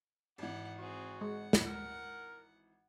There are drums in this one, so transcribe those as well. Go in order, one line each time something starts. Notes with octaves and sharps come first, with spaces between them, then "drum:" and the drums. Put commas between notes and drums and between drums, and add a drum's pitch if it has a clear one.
G#1 E3 G4 F#5
C4 F#4 G#4
G#3 F#5
drum: snare
A#4